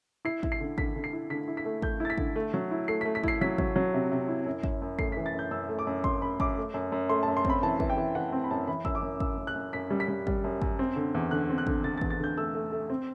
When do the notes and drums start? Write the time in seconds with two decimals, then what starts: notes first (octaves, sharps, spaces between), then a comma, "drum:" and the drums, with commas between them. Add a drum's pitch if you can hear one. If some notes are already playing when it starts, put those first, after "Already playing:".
0.25 E4 C7
0.43 E4, drum: kick
0.52 C7
0.60 D3
0.78 D3 B6, drum: kick
0.96 D3
1.04 C7
1.13 E4
1.30 D3 B6
1.48 E4
1.57 B6
1.65 A3
1.82 A3 G6, drum: kick
2.00 E4 A6
2.10 B6
2.18 D3, drum: kick
2.36 A3
2.54 F#3
2.71 E4
2.88 A3 C7
3.01 B6
3.05 A3
3.15 B6
3.24 E4 C7, drum: kick
3.41 F#3 B6
3.58 F#3, drum: kick
3.76 F#3
3.94 C3
4.11 C3
4.28 E4
4.46 F#2
4.63 F#2, drum: kick
4.82 F#2
4.99 A3 C7, drum: kick
5.12 B6
5.17 E3
5.26 A6
5.34 F#2 G6
5.51 F#2 E6
5.69 A3
5.79 D6
5.87 F#2
6.04 F#2 C6, drum: kick
6.22 F#2 B5
6.40 F#2 D6, drum: kick
6.57 A3
6.74 F#2
6.92 F#2
7.09 A3 C6
7.23 A5
7.28 F#2
7.37 C6
7.45 C4 B5, drum: kick
7.63 E3 A5
7.80 E3, drum: kick
7.90 G5
7.98 E3
8.15 E3 F#5
8.32 C4 G5
8.44 B5
8.51 F#2 A5
8.68 E3 B5
8.85 F#2 E6, drum: kick
8.95 D6
9.03 F#2
9.20 F#2 E6, drum: kick
9.38 F#2
9.47 F#6
9.56 F#2
9.73 F#2 B6
9.91 G3
10.00 B6
10.08 G3
10.27 G3, drum: kick
10.44 F#2
10.61 F#2, drum: kick
10.79 C4
10.96 D3
11.15 E2
11.31 D3 F#6
11.50 C4
11.58 F#6
11.67 D3, drum: kick
11.84 D3 A6
11.98 A6
12.01 E2, drum: kick
12.10 A6
12.20 D3 G6
12.38 A3 E6
12.55 A3
12.72 A3
12.90 C4